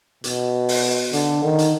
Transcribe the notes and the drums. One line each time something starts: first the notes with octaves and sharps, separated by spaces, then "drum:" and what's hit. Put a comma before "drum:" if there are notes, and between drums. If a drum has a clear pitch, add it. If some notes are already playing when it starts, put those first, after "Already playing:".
B2, drum: hi-hat
drum: open hi-hat
D3, drum: hi-hat
D#3
drum: hi-hat